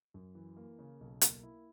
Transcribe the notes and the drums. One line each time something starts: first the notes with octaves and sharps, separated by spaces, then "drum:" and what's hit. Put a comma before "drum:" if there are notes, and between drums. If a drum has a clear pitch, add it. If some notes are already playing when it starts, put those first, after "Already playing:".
F#2
E3
A#3
C#3
B1
A#3, drum: hi-hat
E4